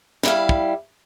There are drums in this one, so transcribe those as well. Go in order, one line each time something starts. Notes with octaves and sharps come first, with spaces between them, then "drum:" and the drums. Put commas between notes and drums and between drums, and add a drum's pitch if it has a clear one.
G3 E4 F5, drum: snare
drum: kick